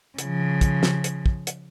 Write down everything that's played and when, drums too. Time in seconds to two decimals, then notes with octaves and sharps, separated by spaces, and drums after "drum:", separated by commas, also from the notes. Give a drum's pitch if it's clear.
0.18 C#3 F3, drum: hi-hat
0.61 drum: kick, hi-hat
0.83 drum: snare
1.04 drum: hi-hat
1.26 drum: kick
1.47 drum: hi-hat